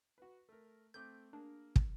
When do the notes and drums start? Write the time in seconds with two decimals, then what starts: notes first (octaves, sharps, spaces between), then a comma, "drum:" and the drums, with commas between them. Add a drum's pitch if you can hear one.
0.18 F#4 B4
0.49 A3 A#4
0.94 A3 C4 D6 G6
1.33 A#3 D4 G#4 A#4
1.76 drum: kick